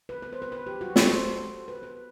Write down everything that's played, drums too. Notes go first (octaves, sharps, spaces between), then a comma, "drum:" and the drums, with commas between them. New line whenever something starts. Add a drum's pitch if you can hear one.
B4
B4
C5
B4
B4
G4
F#4
A4, drum: snare
C5
B4
B4